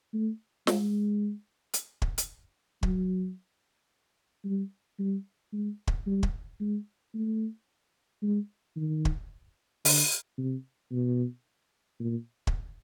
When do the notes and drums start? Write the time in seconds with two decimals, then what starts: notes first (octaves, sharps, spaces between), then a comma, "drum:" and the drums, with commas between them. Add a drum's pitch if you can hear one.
0.13 A3
0.67 G#3, drum: snare
1.73 drum: hi-hat
2.02 drum: kick
2.18 drum: hi-hat
2.83 F#3, drum: kick
4.45 G3
5.00 G3
5.53 G#3
5.87 drum: kick
6.07 G3
6.23 drum: kick
6.61 G#3
7.14 A3
8.22 G#3
8.76 D#3
9.05 drum: kick
9.85 D3, drum: open hi-hat
10.38 C3
10.92 B2
12.00 A#2
12.47 drum: kick